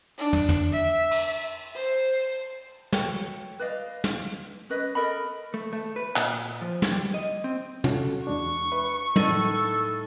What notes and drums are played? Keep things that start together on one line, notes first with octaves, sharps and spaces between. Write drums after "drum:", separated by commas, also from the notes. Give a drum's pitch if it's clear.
D4
drum: tom
drum: tom
E5, drum: hi-hat
drum: cymbal
C5
drum: open hi-hat
F#4 A4 C#5 G5, drum: snare
B4 D5 D#5 F5
drum: snare
C#4 A#4 B4 D#5
A4 A#4 D#5 B5
A3
A3
B4
A#2, drum: clap
F3
drum: snare
G3
D#5
C4
C#4 F#4 A4, drum: tom
E2 G#3 D4 C#6
B4 E5
A2 D#4 A4 D#7, drum: tom